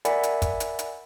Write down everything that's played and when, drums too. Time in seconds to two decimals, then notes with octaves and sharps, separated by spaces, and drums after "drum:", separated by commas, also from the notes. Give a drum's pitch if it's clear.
0.05 A#4 D5 E5 F#5 G#5 B5, drum: hi-hat
0.23 drum: hi-hat
0.42 drum: kick, hi-hat
0.60 drum: hi-hat
0.79 drum: hi-hat